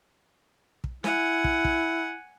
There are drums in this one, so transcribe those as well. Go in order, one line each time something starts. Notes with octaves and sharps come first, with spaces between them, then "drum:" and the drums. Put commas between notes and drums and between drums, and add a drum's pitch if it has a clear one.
drum: kick
E4 F#5 G#5, drum: snare
drum: kick
drum: kick